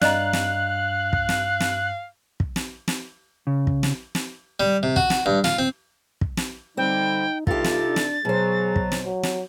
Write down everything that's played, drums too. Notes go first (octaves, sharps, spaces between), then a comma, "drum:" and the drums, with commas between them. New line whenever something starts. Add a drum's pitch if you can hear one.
G2 D5 D#5 F5 A#5 F#6, drum: snare
drum: snare
drum: kick
drum: snare
drum: snare
drum: kick
drum: snare
drum: snare
C#3
drum: kick
drum: snare
drum: snare
G3
C3
F#4, drum: kick
drum: snare
G2
F4, drum: snare
C4
drum: kick
drum: snare
D3 G3 C4 D#4 G5
G2 C3 D#4 F4 G4 A4 A6, drum: kick
drum: snare
D4
drum: snare
B2 F#3 G#4 C5
drum: kick
drum: snare
F#3
drum: snare